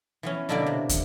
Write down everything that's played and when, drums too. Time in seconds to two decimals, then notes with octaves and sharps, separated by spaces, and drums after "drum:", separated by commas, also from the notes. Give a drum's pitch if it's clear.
0.23 E3 B3 C#4
0.49 B2 D3 A#3 E4 F#4 D5
0.66 C3
0.89 drum: kick, hi-hat